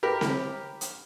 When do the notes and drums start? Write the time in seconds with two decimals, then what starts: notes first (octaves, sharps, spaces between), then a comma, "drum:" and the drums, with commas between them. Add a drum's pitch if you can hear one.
0.03 G4 A#4 B5
0.21 drum: snare C4
0.81 drum: hi-hat